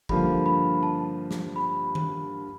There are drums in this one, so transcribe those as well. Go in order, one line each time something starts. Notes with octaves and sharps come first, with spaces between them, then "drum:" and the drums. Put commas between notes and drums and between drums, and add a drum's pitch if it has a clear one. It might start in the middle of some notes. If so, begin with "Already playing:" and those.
G2 D3 F3 A#3 B5, drum: kick
B5
A5
drum: snare
B5
drum: tom D#3